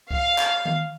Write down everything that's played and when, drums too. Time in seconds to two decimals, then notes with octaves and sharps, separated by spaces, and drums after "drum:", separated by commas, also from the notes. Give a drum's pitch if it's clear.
0.11 F5, drum: kick C2
0.38 drum: clap
0.65 drum: tom D#3